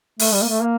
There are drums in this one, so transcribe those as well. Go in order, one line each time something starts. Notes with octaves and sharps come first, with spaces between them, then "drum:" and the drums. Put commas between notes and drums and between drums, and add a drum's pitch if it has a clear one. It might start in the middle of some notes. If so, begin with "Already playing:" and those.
A3, drum: open hi-hat
G3
A#3
A3
A#3